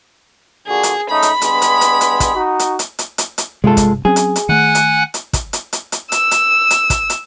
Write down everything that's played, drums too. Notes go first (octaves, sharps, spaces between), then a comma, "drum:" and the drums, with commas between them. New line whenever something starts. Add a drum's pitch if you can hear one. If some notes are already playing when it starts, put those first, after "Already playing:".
A#2 D3 F#4 G#4
drum: hi-hat
C#3 A3 D#4 B5
drum: hi-hat
G2 G#3 B3, drum: hi-hat
drum: hi-hat
drum: hi-hat
drum: hi-hat
drum: kick, hi-hat
D#4 F#4
drum: hi-hat
drum: hi-hat
drum: hi-hat
drum: hi-hat
drum: hi-hat
G2 C3 G#3 F4 A4
drum: kick, hi-hat
F#3 C4 C#4 G#4
drum: hi-hat
drum: hi-hat
D#3 A3 F#5 G#5 F#6
drum: hi-hat
drum: hi-hat
drum: kick, hi-hat
drum: hi-hat
drum: hi-hat
drum: hi-hat
E6, drum: hi-hat
drum: hi-hat
drum: hi-hat
drum: kick, hi-hat
drum: hi-hat